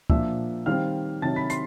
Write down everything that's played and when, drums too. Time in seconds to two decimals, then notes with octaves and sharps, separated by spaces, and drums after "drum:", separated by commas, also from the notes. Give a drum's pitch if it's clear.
0.10 A#2 F3 A#3 D4 E5 E6, drum: kick
0.66 D#3 G3 C4 F5 F6
1.22 C3 D#3 F#3 A5 A6
1.36 B5 B6
1.50 C6 C7, drum: hi-hat